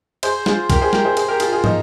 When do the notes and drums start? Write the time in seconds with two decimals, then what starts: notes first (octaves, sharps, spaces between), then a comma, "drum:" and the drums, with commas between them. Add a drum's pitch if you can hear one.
0.23 G#4 C5, drum: cymbal
0.46 F4 G#4, drum: snare
0.70 G4 A#4, drum: kick, cymbal
0.81 G#4 C5
0.93 G4 A#4, drum: snare
1.05 G#4 C5
1.17 G#4 C5, drum: cymbal
1.28 G4 A#4
1.40 F4 G#4, drum: cymbal
1.52 F4 G#4
1.64 D#4, drum: tom